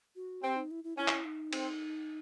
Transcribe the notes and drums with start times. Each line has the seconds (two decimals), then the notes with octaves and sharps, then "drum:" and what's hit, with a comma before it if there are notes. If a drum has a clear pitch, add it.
0.16 F#4
0.42 C4 G4
0.56 D#4
0.71 E4
0.84 E4
0.98 C#4 E4
1.08 drum: clap
1.25 D#4
1.53 C4, drum: cymbal